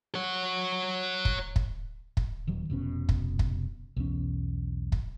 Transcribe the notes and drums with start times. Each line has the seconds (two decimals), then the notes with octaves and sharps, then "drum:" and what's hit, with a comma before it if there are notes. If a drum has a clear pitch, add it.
0.15 C#5 F#5
1.25 drum: kick
1.56 drum: kick
2.17 drum: kick
2.47 D#1 D#3 F#3
2.70 F1 B2 C#4
3.09 drum: kick
3.39 drum: kick
3.96 B1 E2 C#4
4.92 drum: kick